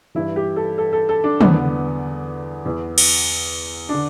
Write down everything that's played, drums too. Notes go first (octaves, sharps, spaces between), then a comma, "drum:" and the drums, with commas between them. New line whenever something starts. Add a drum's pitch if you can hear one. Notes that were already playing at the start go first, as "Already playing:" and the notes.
G2 E3 E4
G4
A4
A4
A4
A4
D4
E2 D3 B3, drum: tom
E2 E3
drum: cymbal
D3 D4